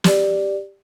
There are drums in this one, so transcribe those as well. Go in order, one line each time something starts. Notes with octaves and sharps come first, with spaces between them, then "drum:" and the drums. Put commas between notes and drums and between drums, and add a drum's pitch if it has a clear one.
G4 D5, drum: snare